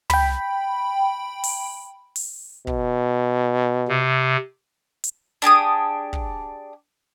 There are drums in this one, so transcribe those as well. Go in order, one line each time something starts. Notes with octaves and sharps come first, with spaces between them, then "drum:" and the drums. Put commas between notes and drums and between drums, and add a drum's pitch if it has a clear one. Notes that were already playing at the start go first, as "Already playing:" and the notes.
G5 B5, drum: tom
drum: open hi-hat
drum: open hi-hat
B2, drum: kick
C3
drum: hi-hat
D4 G4 G#4 D#6
drum: kick